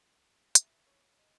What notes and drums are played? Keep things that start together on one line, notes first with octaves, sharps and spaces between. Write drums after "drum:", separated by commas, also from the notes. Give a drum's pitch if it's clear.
E5, drum: hi-hat
C#5
D#5